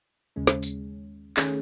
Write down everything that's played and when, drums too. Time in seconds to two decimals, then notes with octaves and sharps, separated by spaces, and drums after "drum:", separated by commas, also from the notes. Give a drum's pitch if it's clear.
0.36 D#2 C#3 G#3 C#4
0.47 drum: snare
0.63 drum: tambourine
1.37 D#3 A3 C#4 G#4, drum: clap